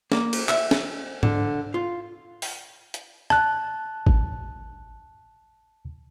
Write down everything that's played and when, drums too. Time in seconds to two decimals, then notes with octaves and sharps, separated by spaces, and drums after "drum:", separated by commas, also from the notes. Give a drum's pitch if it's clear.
0.12 A#3, drum: snare
0.33 drum: cymbal
0.49 E5, drum: clap
0.71 drum: snare
1.23 D3, drum: tom G#2
1.74 F4
2.42 drum: open hi-hat
2.94 drum: hi-hat
3.30 A5 F#6, drum: rim click
4.07 drum: kick G#1